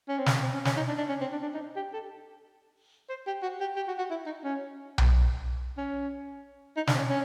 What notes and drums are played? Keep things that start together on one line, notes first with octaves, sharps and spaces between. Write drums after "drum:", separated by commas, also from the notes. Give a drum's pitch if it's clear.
C#4
C4
C#4, drum: snare
C4
C#4
C#4, drum: snare
D#4
D4
D4
C#4
C4
D4
D4
D#4
G4
A4
C5
G4
F#4
G4
G4
F#4
F#4
E4
D#4
C#4
drum: tom B1
C#4
D#4
D4, drum: snare
C4
C#4
C#4